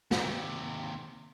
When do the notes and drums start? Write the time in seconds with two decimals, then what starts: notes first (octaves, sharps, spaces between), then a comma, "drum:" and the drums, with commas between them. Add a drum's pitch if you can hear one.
0.11 D#2 C3, drum: snare